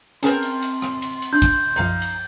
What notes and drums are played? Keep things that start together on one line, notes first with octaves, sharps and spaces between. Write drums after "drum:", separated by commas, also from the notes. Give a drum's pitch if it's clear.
C4 C#4 G#4 A#4 B4 A5 C6, drum: cymbal
drum: cymbal
drum: cymbal
drum: rim click
drum: cymbal
drum: cymbal
D4 G6
drum: kick, cymbal
B1 F#2 F3 D#4 F5
drum: cymbal